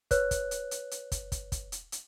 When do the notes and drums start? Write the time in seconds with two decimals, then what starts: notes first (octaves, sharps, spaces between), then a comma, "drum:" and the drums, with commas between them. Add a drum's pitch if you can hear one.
0.11 B4 C#5 F#6, drum: kick, hi-hat
0.31 drum: kick, hi-hat
0.51 drum: hi-hat
0.71 drum: hi-hat
0.91 drum: hi-hat
1.12 drum: kick, hi-hat
1.32 drum: kick, hi-hat
1.52 drum: kick, hi-hat
1.72 drum: hi-hat
1.92 drum: hi-hat